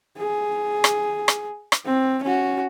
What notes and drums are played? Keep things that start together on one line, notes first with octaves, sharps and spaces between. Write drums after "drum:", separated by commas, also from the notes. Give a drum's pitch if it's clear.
G#4
drum: rim click
drum: rim click
drum: rim click
C4
C#4 F#4